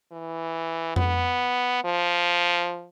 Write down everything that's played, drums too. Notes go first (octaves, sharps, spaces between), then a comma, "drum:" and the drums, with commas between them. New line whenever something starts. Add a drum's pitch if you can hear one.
E3
B3, drum: tom F2
F3